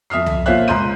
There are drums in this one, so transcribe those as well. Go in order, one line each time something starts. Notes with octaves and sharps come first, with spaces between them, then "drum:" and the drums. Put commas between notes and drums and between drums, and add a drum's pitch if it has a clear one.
F2 E5 D#6 F6 C7
drum: tom
A#2 F4 C5 C#5 E5 F#6
C#2 A#5 C6 G6 D#7